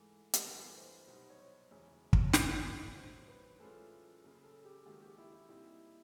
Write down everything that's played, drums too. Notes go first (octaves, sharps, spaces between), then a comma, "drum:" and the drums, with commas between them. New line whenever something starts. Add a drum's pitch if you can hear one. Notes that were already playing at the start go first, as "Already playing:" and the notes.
Already playing: G#2 E3 A3
A#4, drum: hi-hat
G1 G2 E3 A3 B4
C5
C2 B2 F#3 B3 D#4 C5
C#5
C5
E1 D2 C#3 E3 C#5
C#5, drum: kick
D#3 F#3 B3 D4 F4 C#5, drum: snare
A1 A2 F#3 C5
B4
A2 E3 G#3 C#4 F4 A4
F#1 F#2 C#3
A4
G4
A#1 G#2 D#3 F#4
G4
E4
E4
A#2 G3 C4 D#4 E4